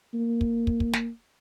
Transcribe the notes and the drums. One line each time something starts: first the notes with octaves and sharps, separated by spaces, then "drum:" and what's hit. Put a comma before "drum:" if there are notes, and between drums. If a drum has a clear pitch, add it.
A#3
drum: kick
drum: kick
drum: kick
drum: snare